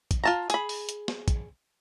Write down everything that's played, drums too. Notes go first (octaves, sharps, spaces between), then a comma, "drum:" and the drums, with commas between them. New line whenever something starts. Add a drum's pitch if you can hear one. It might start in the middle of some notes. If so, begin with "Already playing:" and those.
drum: kick, hi-hat
F4 A5 A#5
G#4 B5, drum: hi-hat
drum: open hi-hat
drum: hi-hat
drum: snare
drum: kick, hi-hat